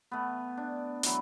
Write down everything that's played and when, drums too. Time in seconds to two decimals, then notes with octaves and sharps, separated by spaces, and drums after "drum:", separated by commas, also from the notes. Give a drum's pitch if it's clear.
0.11 A3 B3
0.57 D4
1.03 E3 F#3, drum: hi-hat